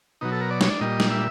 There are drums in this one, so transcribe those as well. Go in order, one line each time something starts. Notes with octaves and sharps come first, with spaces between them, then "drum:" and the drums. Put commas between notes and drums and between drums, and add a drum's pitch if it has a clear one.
B2 F#3 D#4
A4
A#4
D5
C#5, drum: snare
D5
A#2 G3 D#5
drum: snare
E5